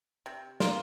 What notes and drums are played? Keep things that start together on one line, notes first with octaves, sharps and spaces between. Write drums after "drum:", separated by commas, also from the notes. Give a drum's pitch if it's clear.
C3
A#3 F4, drum: snare